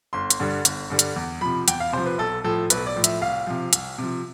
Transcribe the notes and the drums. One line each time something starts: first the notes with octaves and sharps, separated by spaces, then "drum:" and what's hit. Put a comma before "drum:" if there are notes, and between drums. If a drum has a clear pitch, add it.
G1 C6
drum: hi-hat
G2 D3 G3
G1, drum: hi-hat
G2 D3 G3
drum: hi-hat
E2
C3 F3 B5
E2 G5, drum: hi-hat
F5
C3 F3 C5
B4
B1 A4
A2 F3 A4
B1 B4, drum: hi-hat
D5
A2 F3
E5, drum: hi-hat
C2 F5
C3 F3
C2, drum: hi-hat
C3 F3